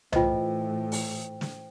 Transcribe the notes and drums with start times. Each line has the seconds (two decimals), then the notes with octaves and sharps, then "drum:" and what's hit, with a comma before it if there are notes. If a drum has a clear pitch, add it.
0.12 A2 E3 F4 B4 C5 D#5 G5, drum: tom C2
0.92 drum: open hi-hat
1.41 drum: snare